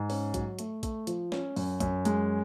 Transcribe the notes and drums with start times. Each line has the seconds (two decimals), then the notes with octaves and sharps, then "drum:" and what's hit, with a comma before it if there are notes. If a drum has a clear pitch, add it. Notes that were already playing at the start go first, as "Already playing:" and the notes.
Already playing: G#2
0.10 C#4, drum: open hi-hat
0.34 F#3, drum: kick, hi-hat
0.59 A3, drum: hi-hat
0.83 A3, drum: kick, hi-hat
1.07 F3, drum: hi-hat
1.32 C#4, drum: snare
1.56 F#2, drum: open hi-hat
1.80 F#2, drum: kick, hi-hat
2.05 G#3, drum: hi-hat